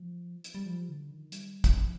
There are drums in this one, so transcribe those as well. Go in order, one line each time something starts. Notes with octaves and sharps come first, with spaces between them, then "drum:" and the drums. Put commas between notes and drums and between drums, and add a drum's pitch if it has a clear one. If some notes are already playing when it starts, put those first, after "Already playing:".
Already playing: F3
drum: hi-hat
G3
F3
D3
D#3
G3, drum: hi-hat
D#3, drum: kick, hi-hat
F3